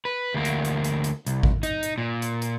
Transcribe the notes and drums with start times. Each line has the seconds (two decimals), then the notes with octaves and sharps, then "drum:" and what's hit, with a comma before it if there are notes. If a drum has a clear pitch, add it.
0.05 B4
0.34 D2 A#3
0.45 drum: hi-hat
0.65 drum: hi-hat
0.84 drum: hi-hat
1.04 drum: hi-hat
1.27 C2, drum: hi-hat
1.43 drum: kick G#1
1.63 D#4, drum: hi-hat
1.83 drum: hi-hat
1.98 A#2
2.22 drum: hi-hat
2.42 drum: hi-hat